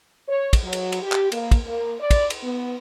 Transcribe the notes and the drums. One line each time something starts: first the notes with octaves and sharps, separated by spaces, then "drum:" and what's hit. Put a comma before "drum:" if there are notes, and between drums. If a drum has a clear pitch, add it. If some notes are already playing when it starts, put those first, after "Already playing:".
C#5
drum: kick, cymbal
F#3
drum: cymbal
drum: cymbal
G4
drum: clap
A#3, drum: cymbal
drum: kick, cymbal
A#3
D5
drum: kick, cymbal
drum: cymbal
B3